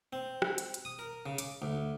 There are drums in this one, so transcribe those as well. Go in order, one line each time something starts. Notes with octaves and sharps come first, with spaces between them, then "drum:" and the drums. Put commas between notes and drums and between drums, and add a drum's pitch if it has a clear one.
C4
drum: rim click
drum: hi-hat
drum: hi-hat
D#6
A#4
C#3
D6, drum: hi-hat
D2